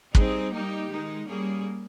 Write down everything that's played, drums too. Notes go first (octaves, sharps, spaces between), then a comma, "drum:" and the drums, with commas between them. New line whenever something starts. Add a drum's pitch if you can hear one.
G3 C4 D#4 G#4, drum: kick
G3 A#3 D#4 G4
D#3 G#3 D#4
G3 A#3 C#4 G#4